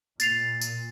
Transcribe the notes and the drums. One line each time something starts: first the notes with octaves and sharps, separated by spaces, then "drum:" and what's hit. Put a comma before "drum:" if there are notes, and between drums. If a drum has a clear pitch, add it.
A#2 A6 C7 F7, drum: tambourine
drum: tambourine